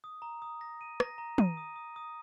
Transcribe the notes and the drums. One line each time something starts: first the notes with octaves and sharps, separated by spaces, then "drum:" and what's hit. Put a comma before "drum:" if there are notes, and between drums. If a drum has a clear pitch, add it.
D#6
A#5
D#6
A#6
D#7
A#6, drum: rim click
A#5
D#7, drum: tom
D#6
D#6
D#6